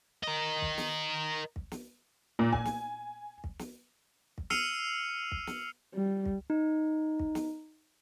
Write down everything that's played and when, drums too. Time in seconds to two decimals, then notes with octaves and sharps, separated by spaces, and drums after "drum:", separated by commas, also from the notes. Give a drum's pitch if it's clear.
0.23 A#4 D#5
0.62 drum: kick
0.78 drum: snare
1.56 drum: kick
1.72 drum: snare
2.39 A#2
2.53 G#5, drum: kick
2.65 drum: snare
3.44 drum: kick
3.59 drum: snare
4.38 drum: kick
4.50 E6 F6 C7 C#7 D#7 F7, drum: snare
5.32 drum: kick
5.47 drum: snare
5.94 G3
6.25 drum: kick
6.50 D#4
7.19 drum: kick
7.35 drum: snare